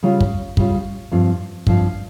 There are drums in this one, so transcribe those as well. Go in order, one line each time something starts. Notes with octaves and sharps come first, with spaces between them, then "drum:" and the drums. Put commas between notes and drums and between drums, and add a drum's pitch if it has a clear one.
C#3 G3 C#4 F4
drum: kick
C#3 G3 C#4 F4, drum: kick
G2 F3 C4 F4
G2 F3 C4 F4, drum: kick